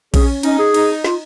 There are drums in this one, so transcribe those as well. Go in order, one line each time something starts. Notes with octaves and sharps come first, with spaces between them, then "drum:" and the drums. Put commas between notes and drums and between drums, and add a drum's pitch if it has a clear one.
C#4 G#4, drum: kick A#1, cymbal
C#4 D#4, drum: cymbal
G#4
D#4, drum: cymbal
F4, drum: snare